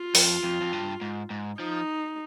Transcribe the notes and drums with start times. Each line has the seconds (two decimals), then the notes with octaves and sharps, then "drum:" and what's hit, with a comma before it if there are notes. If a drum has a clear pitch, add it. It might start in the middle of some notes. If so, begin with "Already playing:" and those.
Already playing: F4
0.15 F2, drum: open hi-hat
0.43 F2
0.61 F2
0.73 G2
1.01 G#2
1.30 G#2
1.59 F3 D#4